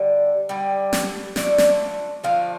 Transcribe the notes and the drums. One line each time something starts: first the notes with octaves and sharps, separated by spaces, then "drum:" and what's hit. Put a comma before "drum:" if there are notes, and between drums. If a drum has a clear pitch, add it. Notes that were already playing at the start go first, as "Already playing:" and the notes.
Already playing: D3 G3
D3 G3
drum: snare
D3 F3 A3 D5, drum: snare
drum: snare
D3 F3 A3 F5